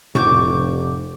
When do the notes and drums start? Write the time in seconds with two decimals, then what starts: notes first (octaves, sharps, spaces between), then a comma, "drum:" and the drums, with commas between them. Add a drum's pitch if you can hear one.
0.15 F1 C#6 D6 G6, drum: tom A2